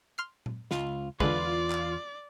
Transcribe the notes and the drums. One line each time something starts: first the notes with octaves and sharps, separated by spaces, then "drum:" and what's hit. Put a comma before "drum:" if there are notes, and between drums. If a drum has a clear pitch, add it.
C6 F6 C7
drum: tom A#2
C#2 F4, drum: snare
E2 D3 G#3 F4 B4 D5, drum: kick
drum: clap